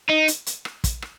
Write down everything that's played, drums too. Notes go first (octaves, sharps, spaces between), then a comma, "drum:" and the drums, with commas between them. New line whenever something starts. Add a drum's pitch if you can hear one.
D#4
drum: hi-hat
drum: hi-hat
drum: rim click
drum: kick, hi-hat
drum: rim click